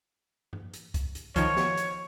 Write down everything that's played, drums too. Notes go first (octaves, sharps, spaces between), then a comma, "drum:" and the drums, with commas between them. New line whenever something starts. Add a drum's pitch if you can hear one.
drum: tom G2
drum: hi-hat
drum: kick C2, hi-hat
drum: hi-hat
D#3 F3 C#5, drum: kick C2, hi-hat
drum: snare
drum: hi-hat